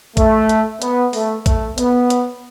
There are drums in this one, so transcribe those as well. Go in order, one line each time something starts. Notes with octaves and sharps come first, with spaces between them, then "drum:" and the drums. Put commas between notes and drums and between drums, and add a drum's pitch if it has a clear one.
A3, drum: kick A1, hi-hat
drum: hi-hat
B3, drum: hi-hat
A3, drum: open hi-hat
A3, drum: kick A1, hi-hat
B3, drum: hi-hat
drum: hi-hat